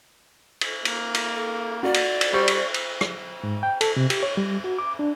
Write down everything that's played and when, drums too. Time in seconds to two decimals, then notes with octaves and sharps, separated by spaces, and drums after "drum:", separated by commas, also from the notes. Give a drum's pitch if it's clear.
0.61 drum: cymbal
0.85 A#3, drum: cymbal
1.15 drum: cymbal
1.34 A4
1.83 F#4 D5
1.94 drum: cymbal
2.21 drum: cymbal
2.33 G3 C5 C#6
2.48 drum: cymbal
2.74 drum: cymbal
3.01 drum: rim click
3.43 G#2
3.63 G5
3.81 A4, drum: cymbal
3.96 C3
4.10 G4, drum: cymbal
4.23 C#5
4.37 G3
4.64 F#4
4.78 D6
4.99 D4